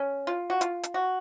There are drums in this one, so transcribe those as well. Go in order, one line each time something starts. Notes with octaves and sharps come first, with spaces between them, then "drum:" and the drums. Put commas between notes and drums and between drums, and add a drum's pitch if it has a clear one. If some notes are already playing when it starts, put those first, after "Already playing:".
Already playing: C#4
F4
F#4
F4, drum: hi-hat
drum: hi-hat
F#4